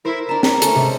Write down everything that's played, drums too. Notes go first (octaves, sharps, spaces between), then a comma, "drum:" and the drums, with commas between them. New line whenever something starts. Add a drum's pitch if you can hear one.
E4 A#4 C5
D4 A5 A#5
A#5, drum: snare
A3 C#4 A4, drum: hi-hat
C3 G#3